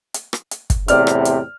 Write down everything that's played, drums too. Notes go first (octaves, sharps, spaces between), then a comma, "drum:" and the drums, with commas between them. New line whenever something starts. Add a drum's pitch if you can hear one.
drum: hi-hat
drum: rim click
drum: hi-hat
drum: kick, hi-hat
E2 A2 C3 D5 F6, drum: hi-hat
drum: rim click
drum: hi-hat